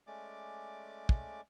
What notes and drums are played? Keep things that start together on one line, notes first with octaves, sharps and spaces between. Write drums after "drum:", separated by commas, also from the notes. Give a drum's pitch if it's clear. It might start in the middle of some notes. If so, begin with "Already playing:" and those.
G#3 A3 C#4 D5 D6
drum: kick